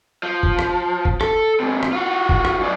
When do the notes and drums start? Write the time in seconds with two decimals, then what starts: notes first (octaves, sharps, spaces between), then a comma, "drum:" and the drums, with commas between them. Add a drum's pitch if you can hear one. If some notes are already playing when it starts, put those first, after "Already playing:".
0.23 F3
0.43 drum: kick
0.59 drum: rim click
1.05 drum: kick
1.21 A4, drum: rim click
1.60 G#2 C3
1.83 drum: rim click
1.92 F4 F#4
2.29 drum: kick
2.45 drum: rim click
2.59 F#2 D5